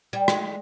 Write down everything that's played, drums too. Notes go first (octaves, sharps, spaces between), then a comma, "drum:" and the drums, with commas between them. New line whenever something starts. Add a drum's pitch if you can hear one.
G3
G#3, drum: rim click